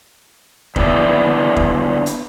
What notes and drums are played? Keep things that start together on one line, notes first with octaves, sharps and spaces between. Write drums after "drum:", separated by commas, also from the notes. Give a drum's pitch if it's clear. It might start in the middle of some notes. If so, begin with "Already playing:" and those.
D3 B3 E4 D5, drum: kick F1
drum: kick F1
drum: hi-hat